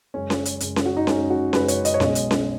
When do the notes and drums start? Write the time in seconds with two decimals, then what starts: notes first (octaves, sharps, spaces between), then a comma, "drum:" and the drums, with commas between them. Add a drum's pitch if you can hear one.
0.14 F#2 C#3 G#3 C#4
0.30 drum: snare C#4
0.45 drum: hi-hat
0.60 F#2 C#3 G#3, drum: hi-hat
0.76 drum: snare C#4
0.86 F#4
0.97 D#4
1.07 F#2 C#3 G#3 C#4, drum: snare C#4
1.30 F#4
1.53 F#2 C#3 G#3 B4, drum: snare C#4
1.68 C#5, drum: hi-hat
1.85 D#5, drum: hi-hat
1.94 C#5
2.00 B1 B2 G#3 D#5, drum: snare C#4
2.15 drum: hi-hat
2.31 drum: snare C#4